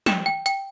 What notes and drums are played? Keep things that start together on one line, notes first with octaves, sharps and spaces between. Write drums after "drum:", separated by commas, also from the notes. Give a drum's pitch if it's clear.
G5 E7, drum: snare
G5
G5, drum: hi-hat